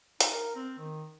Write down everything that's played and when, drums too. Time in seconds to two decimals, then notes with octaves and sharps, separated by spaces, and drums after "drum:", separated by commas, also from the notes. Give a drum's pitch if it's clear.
0.20 D#4, drum: hi-hat
0.32 A#4
0.56 C4
0.79 D#3